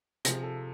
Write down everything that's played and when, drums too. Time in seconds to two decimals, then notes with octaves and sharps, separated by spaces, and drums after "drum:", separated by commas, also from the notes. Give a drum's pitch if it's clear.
0.25 C3 F3 G#4, drum: hi-hat
0.43 A4